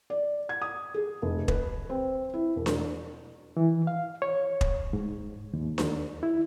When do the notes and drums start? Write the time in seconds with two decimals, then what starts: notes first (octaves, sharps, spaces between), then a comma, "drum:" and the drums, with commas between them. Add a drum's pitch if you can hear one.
0.10 D5
0.49 G#6
0.62 D#6
0.94 G#4
1.22 F1
1.48 B4, drum: kick
1.90 C4
2.34 E4
2.56 E1
2.66 drum: snare D4
3.57 E3
3.87 F5
4.22 C#5
4.61 drum: kick
4.93 G#2
5.53 D#2
5.78 drum: snare D4
6.23 E4